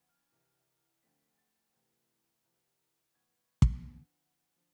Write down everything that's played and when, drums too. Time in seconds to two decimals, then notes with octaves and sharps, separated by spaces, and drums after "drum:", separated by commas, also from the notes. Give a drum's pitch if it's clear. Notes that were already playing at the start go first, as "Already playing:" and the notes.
Already playing: D2 D3 F3 B3 G#6
0.09 F6
0.32 C2 C3 E3
1.03 D2 D3 F3 A3 C4 B6
1.38 A6
1.73 C2 C3 E3 A3 C4
2.44 C2 C3 F3 B3
3.14 A2 E3 B3 G#6
3.62 drum: kick
3.85 D2 D3 F3 B3
4.56 D3 F3